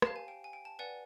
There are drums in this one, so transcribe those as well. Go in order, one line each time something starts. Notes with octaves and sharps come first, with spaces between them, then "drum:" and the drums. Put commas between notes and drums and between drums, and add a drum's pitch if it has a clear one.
G4 C5 F5 A5, drum: rim click
G#5
G5
G#5
G5
A5
B4 D5 F#5 G#5